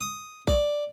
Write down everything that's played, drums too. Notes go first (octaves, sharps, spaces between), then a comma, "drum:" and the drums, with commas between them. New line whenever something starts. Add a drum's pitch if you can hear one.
D#6
D5, drum: kick